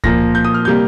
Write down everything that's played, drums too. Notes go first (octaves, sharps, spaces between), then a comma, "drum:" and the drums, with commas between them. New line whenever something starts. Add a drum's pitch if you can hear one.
A#2 F3 A#3 A#6, drum: kick C#2
G6
D#6
F6
C3 G3 A#3 G6